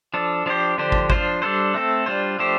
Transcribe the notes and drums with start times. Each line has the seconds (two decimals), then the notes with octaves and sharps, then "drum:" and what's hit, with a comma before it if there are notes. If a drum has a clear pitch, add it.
0.14 F3 D4 A4
0.46 F3 D4 G4 C5
0.78 D3 F3 D4 G4 C5
0.92 drum: kick
1.10 F3 D4 F4 C5, drum: kick
1.42 G3 D4 A4 C5
1.74 A3 C4 A4
2.06 G3 D4 F4 C5
2.39 F3 A3 D4 G4 C5